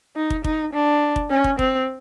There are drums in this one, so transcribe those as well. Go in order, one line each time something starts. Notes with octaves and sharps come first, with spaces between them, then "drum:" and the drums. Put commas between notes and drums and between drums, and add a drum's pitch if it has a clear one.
D#4
drum: kick
D#4, drum: kick
D4
drum: kick
C#4
drum: kick
C4, drum: kick